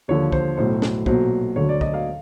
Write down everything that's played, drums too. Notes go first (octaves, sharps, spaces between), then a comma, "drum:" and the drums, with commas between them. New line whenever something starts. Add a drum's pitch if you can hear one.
D#2 D3 F3 C#5
C5, drum: kick
B1 A2 F#3 C5
drum: snare
B1 A#2 F#3 C5, drum: kick
D2 D3 F#3 C#5
D5
D#5, drum: kick
F5